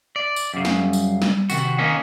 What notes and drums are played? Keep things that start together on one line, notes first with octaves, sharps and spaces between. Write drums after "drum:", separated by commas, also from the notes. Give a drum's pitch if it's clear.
D5 E5
drum: tambourine
F#2 C#3
drum: snare
G3
drum: tambourine
drum: snare
C3 D#3 F#4, drum: tambourine
A#3 C#4 D#4